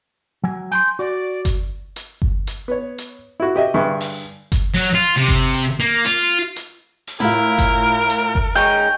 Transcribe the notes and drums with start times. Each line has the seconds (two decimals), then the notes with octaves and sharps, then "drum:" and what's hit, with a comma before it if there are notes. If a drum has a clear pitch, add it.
0.44 F#3 G#5
0.72 G#5 A#5 C6 G6
0.99 F#4 D5
1.45 drum: kick G1, hi-hat
1.96 drum: hi-hat
2.22 drum: kick G1
2.47 drum: hi-hat
2.68 B3 C#5
2.98 drum: hi-hat
3.40 E4 F#4
3.56 G4 D#5 E5
3.74 G2 D3 G#4 E5 C#6
4.01 drum: open hi-hat
4.52 drum: kick G1, hi-hat
4.74 F#3
4.94 F4
5.17 C3
5.28 drum: kick G1
5.54 drum: hi-hat
5.80 A#3
6.05 F4, drum: hi-hat
6.56 drum: hi-hat
7.07 drum: open hi-hat
7.20 A2 E4 F4 A#4
7.58 drum: kick G1, hi-hat
8.10 drum: hi-hat
8.35 drum: kick G1
8.55 G#3 C#4 D#4 G5